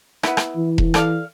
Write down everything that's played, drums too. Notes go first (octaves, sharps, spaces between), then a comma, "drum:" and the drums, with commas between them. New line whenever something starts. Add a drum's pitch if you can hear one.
B3 E4, drum: rim click
drum: rim click
E3
drum: kick E1
A4 D5 F5, drum: rim click